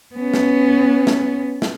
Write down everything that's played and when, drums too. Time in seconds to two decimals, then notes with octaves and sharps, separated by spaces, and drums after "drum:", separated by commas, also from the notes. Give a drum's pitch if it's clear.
0.15 B3 C#4
0.34 drum: snare
1.07 drum: snare
1.62 drum: snare